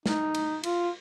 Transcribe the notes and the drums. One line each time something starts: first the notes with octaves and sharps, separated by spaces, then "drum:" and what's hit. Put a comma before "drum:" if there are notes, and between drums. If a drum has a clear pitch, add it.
D#4, drum: snare
drum: cymbal
F4, drum: cymbal